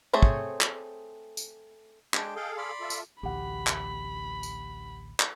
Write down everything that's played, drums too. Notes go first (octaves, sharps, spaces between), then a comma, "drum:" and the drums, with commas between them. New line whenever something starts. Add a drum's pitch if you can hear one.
A3 C4 G#4 C5 C#5
drum: kick
drum: clap
drum: tambourine
G#3 D4 G5, drum: clap
G#4 A4 D#5 F5 G5
D5 B5 C6
F4 A4 E5
drum: tambourine
A1 D2 G4 F#5 B5
drum: clap
drum: tambourine
drum: clap